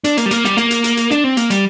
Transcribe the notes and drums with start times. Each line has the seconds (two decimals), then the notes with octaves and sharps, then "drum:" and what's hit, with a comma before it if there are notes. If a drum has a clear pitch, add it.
0.04 D4, drum: hi-hat
0.17 A#3, drum: hi-hat
0.26 G3
0.31 A#3, drum: hi-hat
0.45 G3, drum: snare
0.57 A#3, drum: snare
0.71 drum: hi-hat
0.84 drum: hi-hat
0.97 drum: hi-hat
1.11 D4, drum: snare
1.24 C4
1.37 A#3, drum: hi-hat
1.50 G3, drum: hi-hat